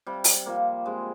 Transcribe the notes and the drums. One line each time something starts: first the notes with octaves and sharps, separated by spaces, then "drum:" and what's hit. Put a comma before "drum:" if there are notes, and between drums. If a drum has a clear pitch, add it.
C3 G3
drum: open hi-hat
F3 A#3
C3 G#3